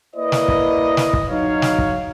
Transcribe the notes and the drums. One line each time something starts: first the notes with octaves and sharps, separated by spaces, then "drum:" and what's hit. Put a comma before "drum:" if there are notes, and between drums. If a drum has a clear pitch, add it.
A#3 E4 B4 D5 D#5
drum: snare
drum: kick
drum: snare
drum: kick
F#3 D#4 C#5 F5
drum: snare
drum: kick